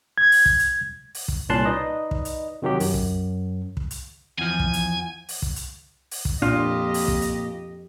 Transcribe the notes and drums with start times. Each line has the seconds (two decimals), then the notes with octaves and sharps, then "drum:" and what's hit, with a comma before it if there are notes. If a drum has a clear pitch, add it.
0.18 G#6
0.32 drum: open hi-hat
0.46 drum: kick
0.59 drum: hi-hat
1.15 drum: open hi-hat
1.28 drum: kick
1.49 C2 A#2 C#4 A5 C6 F#6
1.65 D#4 B4 D5 D#5
2.11 drum: kick
2.25 drum: hi-hat
2.62 C3 D#3 F#3 G4
2.80 F#2, drum: open hi-hat
2.94 drum: kick
3.77 drum: kick
3.91 drum: hi-hat
4.38 E2 F3 G#5
4.60 drum: kick
4.73 drum: hi-hat
5.29 drum: open hi-hat
5.42 drum: kick
5.56 drum: hi-hat
6.11 drum: open hi-hat
6.25 drum: kick
6.42 F2 A#2 D4 F4 G4 D#5
6.94 drum: open hi-hat
7.08 drum: kick
7.22 drum: hi-hat